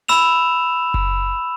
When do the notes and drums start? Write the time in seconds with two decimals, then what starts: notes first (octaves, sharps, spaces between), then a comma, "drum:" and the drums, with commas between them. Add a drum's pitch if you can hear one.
0.08 B5 E6 E7 F7
0.94 drum: kick F#1